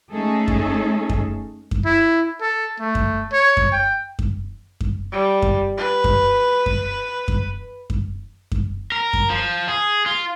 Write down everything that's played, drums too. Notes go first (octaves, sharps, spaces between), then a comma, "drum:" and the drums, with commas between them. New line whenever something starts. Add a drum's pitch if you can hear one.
A3 C#4 D#4 G#4 A4
drum: kick F#2
drum: kick F#2
drum: kick F#2
E4
A4
A3
drum: kick F#2
C#5
drum: kick F#2
G5
drum: kick F#2
drum: kick F#2
G3
drum: kick F#2
B4
drum: kick F#2
drum: kick F#2
drum: kick F#2
drum: kick F#2
drum: kick F#2
A#4
drum: kick F#2
F3
G#4
F4